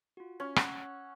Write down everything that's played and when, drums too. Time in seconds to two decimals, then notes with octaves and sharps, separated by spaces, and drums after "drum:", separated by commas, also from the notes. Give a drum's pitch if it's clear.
0.17 F4 F#4
0.40 C#4
0.56 F#5 E6 F#6, drum: rim click